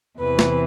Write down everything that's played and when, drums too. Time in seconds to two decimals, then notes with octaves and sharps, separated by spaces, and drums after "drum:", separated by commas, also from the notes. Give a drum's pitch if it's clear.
0.19 E2 C3 E3 B4
0.39 drum: snare